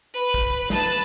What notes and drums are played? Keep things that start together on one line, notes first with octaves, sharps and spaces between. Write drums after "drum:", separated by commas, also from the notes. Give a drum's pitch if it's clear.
B4
drum: kick
B4 A5, drum: snare